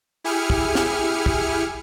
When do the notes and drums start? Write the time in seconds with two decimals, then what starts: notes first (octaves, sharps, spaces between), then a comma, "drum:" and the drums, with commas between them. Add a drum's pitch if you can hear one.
0.24 E4 G4 G#4 G#5 F6 C#7
0.50 drum: kick
0.75 drum: snare
1.26 drum: kick